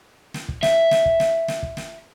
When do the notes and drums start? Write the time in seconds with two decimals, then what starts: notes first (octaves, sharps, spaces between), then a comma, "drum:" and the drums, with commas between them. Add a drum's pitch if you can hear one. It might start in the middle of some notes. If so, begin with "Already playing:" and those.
0.34 drum: snare
0.48 drum: kick
0.63 E5, drum: snare
0.91 drum: snare
1.06 drum: kick
1.20 drum: snare
1.48 drum: snare
1.63 drum: kick
1.77 drum: snare